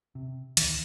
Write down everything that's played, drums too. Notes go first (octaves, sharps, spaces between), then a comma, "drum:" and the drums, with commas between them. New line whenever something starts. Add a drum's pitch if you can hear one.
C3
D1 C2 D#3 E3, drum: hi-hat